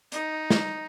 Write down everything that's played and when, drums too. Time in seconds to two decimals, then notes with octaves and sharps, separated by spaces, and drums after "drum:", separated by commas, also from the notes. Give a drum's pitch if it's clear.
0.12 D#4, drum: hi-hat
0.50 drum: snare